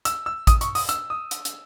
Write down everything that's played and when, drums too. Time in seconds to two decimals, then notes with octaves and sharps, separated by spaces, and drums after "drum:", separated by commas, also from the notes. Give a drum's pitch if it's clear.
0.05 E6, drum: hi-hat
0.26 E6
0.47 D#6, drum: kick A1, hi-hat
0.61 C#6, drum: hi-hat
0.75 D#6, drum: open hi-hat
0.89 E6, drum: hi-hat
1.10 D#6
1.31 drum: hi-hat
1.45 drum: hi-hat